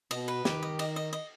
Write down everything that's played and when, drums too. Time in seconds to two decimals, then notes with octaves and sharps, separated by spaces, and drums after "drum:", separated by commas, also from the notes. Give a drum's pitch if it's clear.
0.11 B2 D#5, drum: cymbal
0.28 B4
0.45 D#3 G4, drum: snare
0.63 D#5
0.79 D#5, drum: cymbal
0.96 D#5
1.13 D#5